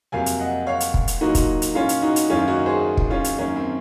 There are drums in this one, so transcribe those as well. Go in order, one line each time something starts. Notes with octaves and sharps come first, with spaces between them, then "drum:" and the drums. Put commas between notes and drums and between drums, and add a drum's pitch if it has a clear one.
F2 C3 F#3 A#3 F5 G#5
drum: hi-hat
D#5 F#5
C#5 F5
drum: hi-hat
drum: kick
drum: hi-hat
A#2 F#3 A#3 D#4 F#4
drum: kick, hi-hat
drum: hi-hat
C#4 F4
drum: hi-hat
D#4 F#4
drum: hi-hat
F#2 D#3 A#3 C#4 F4
D#4 F#4
G#4 C5
drum: kick
C#4 F4
drum: hi-hat
F#2 D#3 A#3 C#4
C4